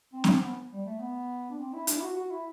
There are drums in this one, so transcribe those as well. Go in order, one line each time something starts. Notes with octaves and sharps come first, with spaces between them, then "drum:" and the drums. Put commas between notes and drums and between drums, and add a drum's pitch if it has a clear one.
C4
drum: snare C4
B3
G3
A3
B3
D4
C4
E4
D4, drum: hi-hat
E4
F#4
F#4
E4